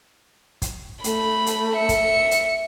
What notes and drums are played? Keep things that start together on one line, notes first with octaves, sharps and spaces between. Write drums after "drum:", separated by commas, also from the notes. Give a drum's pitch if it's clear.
drum: kick, hi-hat
A3 B5, drum: hi-hat
drum: hi-hat
E5 C#7
drum: kick, hi-hat
drum: hi-hat